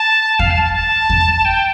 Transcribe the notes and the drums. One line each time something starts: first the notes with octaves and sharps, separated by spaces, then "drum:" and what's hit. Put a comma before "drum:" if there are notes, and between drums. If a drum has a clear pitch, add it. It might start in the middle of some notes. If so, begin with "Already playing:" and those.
Already playing: A5
F5, drum: kick E2
A5
A5
A5
drum: kick E2
G5